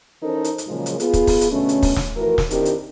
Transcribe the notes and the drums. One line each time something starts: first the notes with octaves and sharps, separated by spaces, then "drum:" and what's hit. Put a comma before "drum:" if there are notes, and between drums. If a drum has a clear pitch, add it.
E3 C#4 D#4 A4 A#4 C5
drum: hi-hat
drum: hi-hat
A#2 C#3 F3 F#3 G#3 A#3
drum: hi-hat
B3 F4 G#4, drum: hi-hat
drum: kick, hi-hat
drum: kick, open hi-hat
drum: hi-hat
B2 D3 A3 C#4
drum: hi-hat
drum: kick, open hi-hat
drum: snare
E3 F3 A3 F#4 A#4
drum: snare
D#3 C4 D4 E4 G4 A#4, drum: hi-hat
drum: hi-hat